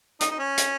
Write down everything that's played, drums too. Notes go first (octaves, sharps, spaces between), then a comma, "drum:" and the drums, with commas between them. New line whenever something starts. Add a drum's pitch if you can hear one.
D#4, drum: hi-hat
D#4
C#4
drum: hi-hat